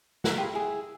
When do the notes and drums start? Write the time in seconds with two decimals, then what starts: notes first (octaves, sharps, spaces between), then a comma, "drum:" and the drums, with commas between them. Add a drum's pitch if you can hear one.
0.24 F#4 A#4, drum: snare
0.37 F4 G4 G#4 B5
0.53 E4 G#4